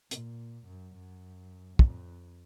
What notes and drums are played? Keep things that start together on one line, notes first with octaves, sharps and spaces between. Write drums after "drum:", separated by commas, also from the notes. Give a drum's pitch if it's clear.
A#2, drum: hi-hat
F#2
F#2
F2, drum: kick